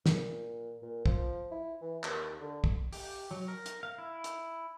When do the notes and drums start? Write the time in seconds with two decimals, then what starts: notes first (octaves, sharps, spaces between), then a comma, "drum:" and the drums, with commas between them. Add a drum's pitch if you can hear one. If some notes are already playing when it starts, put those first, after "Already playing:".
0.06 A#2, drum: snare
0.83 A#2
1.06 F3, drum: kick
1.52 E4
1.82 E3
2.04 D#2, drum: clap
2.41 D3
2.64 drum: kick
2.93 G4, drum: open hi-hat
3.31 F#3
3.48 A#4
3.66 drum: hi-hat
3.83 F5
3.98 E4
4.24 drum: hi-hat